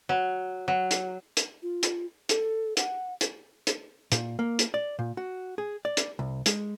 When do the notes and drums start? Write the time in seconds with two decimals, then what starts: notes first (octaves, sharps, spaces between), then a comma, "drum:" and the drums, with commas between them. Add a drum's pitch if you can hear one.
0.09 F#3
0.68 F#3
0.91 drum: hi-hat
1.37 drum: hi-hat
1.63 F4
1.83 drum: hi-hat
2.29 A4, drum: hi-hat
2.77 F#5, drum: hi-hat
3.21 drum: hi-hat
3.67 drum: hi-hat
4.12 A#2, drum: hi-hat
4.39 A#3
4.59 drum: hi-hat
4.74 D5
4.99 A#2
5.17 F#4
5.58 G#4
5.85 D5
5.97 drum: hi-hat
6.19 C2
6.46 G#3, drum: hi-hat